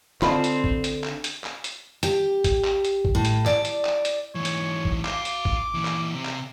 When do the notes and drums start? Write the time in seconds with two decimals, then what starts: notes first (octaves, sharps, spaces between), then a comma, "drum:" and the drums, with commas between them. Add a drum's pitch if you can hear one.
0.22 D3 C4 F4 D#5 A5 B5, drum: clap
0.44 drum: hi-hat
0.64 drum: kick A1
0.84 drum: hi-hat
1.04 drum: clap
1.24 drum: hi-hat
1.44 drum: clap
1.64 drum: hi-hat
2.03 G4, drum: hi-hat
2.44 drum: kick A1, hi-hat
2.65 drum: clap
2.85 drum: hi-hat
3.05 drum: kick A1
3.15 A2
3.25 drum: hi-hat
3.46 D5, drum: clap
3.65 drum: hi-hat
3.85 drum: clap
4.05 drum: hi-hat
4.35 G#2 E3 C#5
4.45 drum: hi-hat
4.85 drum: kick A1
5.05 F#4 F5 D6, drum: clap
5.25 drum: hi-hat
5.45 drum: kick A1
5.74 A#2 E3
5.85 drum: clap
6.14 C3
6.25 drum: clap